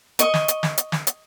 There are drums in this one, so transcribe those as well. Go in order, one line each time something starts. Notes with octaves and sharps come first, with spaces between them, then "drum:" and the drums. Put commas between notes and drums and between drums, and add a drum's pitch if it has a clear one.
D#5 C#6, drum: hi-hat
drum: snare
drum: hi-hat
drum: snare
drum: hi-hat
drum: snare
drum: hi-hat